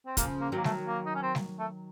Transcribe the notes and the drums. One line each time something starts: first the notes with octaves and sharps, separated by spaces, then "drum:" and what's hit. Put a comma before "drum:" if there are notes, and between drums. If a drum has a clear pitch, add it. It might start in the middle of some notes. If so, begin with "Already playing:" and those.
C4
C#3 F3 A#3, drum: kick, hi-hat
A#3
D#3 F#3 A#3
A3, drum: snare G3
A#3
D#4
C#4
C4
drum: snare G3
A3